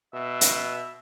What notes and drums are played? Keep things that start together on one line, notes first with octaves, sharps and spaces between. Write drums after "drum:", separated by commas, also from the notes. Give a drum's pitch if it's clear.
B2 E5
drum: hi-hat